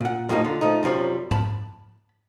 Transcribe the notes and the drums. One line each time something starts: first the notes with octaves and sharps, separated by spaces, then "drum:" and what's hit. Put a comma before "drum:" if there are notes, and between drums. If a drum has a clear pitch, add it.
A#2 F#5
F2 A2 G3 A#3 D#4
D3 F4
F3 A3 D#4
F#2 C3 F3 G3 C#5
A5 B5, drum: tom G#2